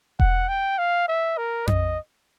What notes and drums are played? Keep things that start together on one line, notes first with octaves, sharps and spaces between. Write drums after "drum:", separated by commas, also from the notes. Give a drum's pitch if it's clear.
F#5, drum: kick E1
G5
F5
E5
A#4
D#5, drum: tom F2